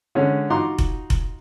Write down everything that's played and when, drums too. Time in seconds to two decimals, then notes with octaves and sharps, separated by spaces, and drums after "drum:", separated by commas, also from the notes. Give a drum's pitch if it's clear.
0.15 D3 G#3 C#4
0.50 D#4 F4 F#4 A#5 C6 D6
0.78 drum: kick F1
1.10 drum: kick F1